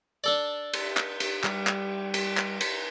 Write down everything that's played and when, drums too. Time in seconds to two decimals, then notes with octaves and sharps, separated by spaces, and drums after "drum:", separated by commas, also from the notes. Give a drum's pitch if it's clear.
0.24 D4 A4 D5
0.73 drum: cymbal
0.97 drum: clap
1.20 drum: cymbal
1.44 G3, drum: clap
1.67 drum: clap
2.14 drum: cymbal
2.37 drum: clap
2.61 drum: cymbal